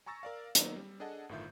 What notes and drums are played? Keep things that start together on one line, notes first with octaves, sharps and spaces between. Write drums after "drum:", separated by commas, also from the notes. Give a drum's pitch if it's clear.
G#5 A#5 C#6 E6 A6 A#6
A#4 D5 F5
D#3 F#3 A#3 B3 D#4, drum: hi-hat
G3
D4 G#4 A4 D#5 F#5 A5
G1 A2 D#3 F4 E5 G6